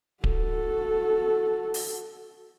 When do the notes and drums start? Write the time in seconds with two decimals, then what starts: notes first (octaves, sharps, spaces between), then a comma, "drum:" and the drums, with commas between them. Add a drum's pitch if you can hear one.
0.24 F#4 A4, drum: kick D1
1.74 drum: open hi-hat